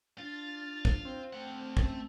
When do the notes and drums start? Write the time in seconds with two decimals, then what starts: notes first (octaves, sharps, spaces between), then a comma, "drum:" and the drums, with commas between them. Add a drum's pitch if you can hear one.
0.18 D4 F4 A6
0.85 drum: kick
1.05 C4
1.33 A3 F#5
1.77 A3 C#4, drum: kick